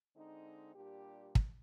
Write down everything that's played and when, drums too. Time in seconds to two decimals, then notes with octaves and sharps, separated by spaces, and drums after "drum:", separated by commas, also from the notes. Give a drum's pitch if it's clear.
0.15 D3 G#3 C4 D#4
0.75 A#2 G3 D4 G4
1.35 drum: kick